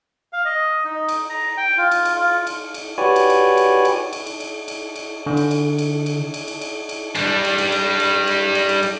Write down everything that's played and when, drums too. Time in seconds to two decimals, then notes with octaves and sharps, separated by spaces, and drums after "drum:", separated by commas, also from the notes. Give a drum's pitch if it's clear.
0.33 F5
0.45 D#5
0.84 D#4
1.08 drum: cymbal
1.30 A#5
1.57 G5
1.78 F4
1.91 drum: cymbal
2.05 drum: cymbal
2.16 F4
2.47 drum: cymbal
2.74 drum: cymbal
2.98 F#4 G4 B4 C#5 D5 G#5
3.16 drum: cymbal
3.30 drum: cymbal
3.57 drum: cymbal
3.85 drum: cymbal
4.13 drum: cymbal
4.26 drum: cymbal
4.40 drum: cymbal
4.68 drum: cymbal
4.96 drum: cymbal
5.26 D3
5.37 drum: cymbal
5.51 drum: cymbal
5.78 drum: cymbal
6.06 drum: cymbal
6.34 drum: cymbal
6.48 drum: cymbal
6.61 drum: cymbal
6.89 drum: cymbal
7.15 G3 D4, drum: cymbal
7.44 drum: cymbal
7.58 drum: cymbal
7.72 drum: cymbal
8.00 drum: cymbal
8.27 drum: cymbal
8.55 drum: cymbal
8.69 drum: cymbal
8.83 drum: cymbal